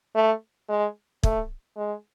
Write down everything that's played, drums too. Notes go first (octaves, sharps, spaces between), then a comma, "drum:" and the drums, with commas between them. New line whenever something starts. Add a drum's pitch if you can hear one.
A3
G#3
A3, drum: kick
G#3